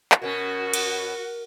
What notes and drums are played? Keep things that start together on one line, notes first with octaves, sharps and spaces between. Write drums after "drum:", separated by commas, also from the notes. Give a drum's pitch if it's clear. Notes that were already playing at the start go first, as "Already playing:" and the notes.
drum: clap
B2 C#4 F#4 A#4
drum: cymbal